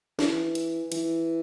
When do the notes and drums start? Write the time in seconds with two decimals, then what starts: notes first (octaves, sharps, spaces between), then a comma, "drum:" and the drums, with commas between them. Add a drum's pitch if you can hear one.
0.19 E3, drum: snare
0.55 drum: hi-hat
0.92 E3, drum: hi-hat